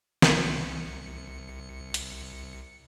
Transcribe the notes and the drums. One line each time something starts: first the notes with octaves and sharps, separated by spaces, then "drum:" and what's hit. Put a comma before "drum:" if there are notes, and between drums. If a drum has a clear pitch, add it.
C2 C#7, drum: snare
drum: hi-hat